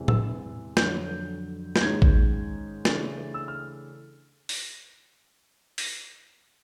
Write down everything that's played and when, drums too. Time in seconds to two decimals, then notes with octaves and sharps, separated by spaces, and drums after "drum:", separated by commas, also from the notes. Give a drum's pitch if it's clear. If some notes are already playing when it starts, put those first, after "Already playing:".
Already playing: E2 C3 E3 G#3
0.08 E6, drum: tom A2
0.77 F2 D3 F#3 G6, drum: snare
1.76 G6, drum: snare
1.81 G#2 D#3 G#3 C#4 G#6
2.02 drum: kick A1
2.85 C#3 E3 A3 D4 A6, drum: snare
3.34 E6
3.48 F6
4.49 drum: open hi-hat
5.78 drum: open hi-hat